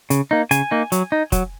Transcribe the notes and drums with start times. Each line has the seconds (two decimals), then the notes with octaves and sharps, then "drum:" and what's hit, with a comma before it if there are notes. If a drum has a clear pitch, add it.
0.10 C#3, drum: hi-hat
0.31 A#3 D#4
0.51 C#3 G#5, drum: hi-hat
0.71 A#3 D#4
0.92 F#3, drum: hi-hat
1.12 D#4
1.32 F#3, drum: kick F1, hi-hat